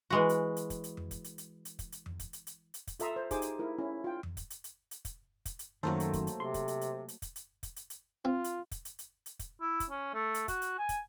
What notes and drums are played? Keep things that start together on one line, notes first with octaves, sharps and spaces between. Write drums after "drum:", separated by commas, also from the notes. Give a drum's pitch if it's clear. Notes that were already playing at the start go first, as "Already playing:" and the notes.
E3 G#3 F#4
drum: hi-hat
drum: hi-hat
drum: kick, hi-hat
drum: hi-hat
drum: tom F2
drum: kick, hi-hat
drum: hi-hat
drum: hi-hat
drum: hi-hat
drum: kick, hi-hat
drum: hi-hat
drum: tom F2
drum: kick, hi-hat
drum: hi-hat
drum: hi-hat
drum: hi-hat
drum: kick, hi-hat
F4 A4 E5 A#5 C6 D#6, drum: hi-hat
C5
D#4 G4 G#4 C5 G#5 D6, drum: kick, hi-hat
drum: hi-hat
E4 A#4
C#4 E4
F4 G5
drum: tom F2
drum: kick, hi-hat
drum: hi-hat
drum: hi-hat
drum: hi-hat
drum: kick, hi-hat
drum: kick, hi-hat
drum: hi-hat
F#2 D#3 F#3 A3 A#3 A4 C5
drum: hi-hat
drum: kick, hi-hat
drum: hi-hat
C3 C6
drum: kick, hi-hat
drum: hi-hat
drum: hi-hat
drum: hi-hat
drum: kick, hi-hat
drum: hi-hat
drum: kick, hi-hat
drum: hi-hat
drum: hi-hat
C4 F4
drum: hi-hat
drum: kick, hi-hat
drum: hi-hat
drum: hi-hat
drum: hi-hat
drum: kick, hi-hat
E4
drum: kick, hi-hat
C#4
A3
drum: hi-hat
F#4, drum: kick, hi-hat
drum: hi-hat
G#5
drum: kick, hi-hat